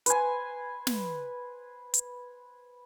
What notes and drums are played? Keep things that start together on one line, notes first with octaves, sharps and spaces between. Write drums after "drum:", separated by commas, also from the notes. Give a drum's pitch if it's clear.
B4 C5 G#5, drum: hi-hat
drum: snare
drum: hi-hat